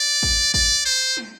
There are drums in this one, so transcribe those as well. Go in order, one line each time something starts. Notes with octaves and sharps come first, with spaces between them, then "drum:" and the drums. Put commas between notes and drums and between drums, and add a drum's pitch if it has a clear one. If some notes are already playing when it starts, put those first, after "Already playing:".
Already playing: D5
drum: kick
D5, drum: kick
C5
drum: snare